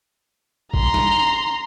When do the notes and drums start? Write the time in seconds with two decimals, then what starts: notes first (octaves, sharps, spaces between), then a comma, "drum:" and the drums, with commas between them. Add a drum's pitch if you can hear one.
0.74 A#5 C6, drum: kick A1
0.94 drum: snare